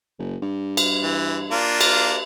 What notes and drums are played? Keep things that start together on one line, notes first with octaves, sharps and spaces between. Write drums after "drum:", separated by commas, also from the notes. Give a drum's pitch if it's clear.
F#1
G2
drum: cymbal
E3
A#3 D4 F4
drum: cymbal